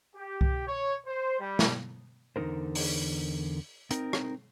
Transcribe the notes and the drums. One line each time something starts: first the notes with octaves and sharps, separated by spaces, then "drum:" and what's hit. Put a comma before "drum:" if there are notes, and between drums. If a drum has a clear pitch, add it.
G4
drum: kick C2
C#5
C5
G3
drum: snare
E2 D3 G#3 D#4 A#4 C5
drum: open hi-hat
C4 D#4 A#4, drum: hi-hat
drum: rim click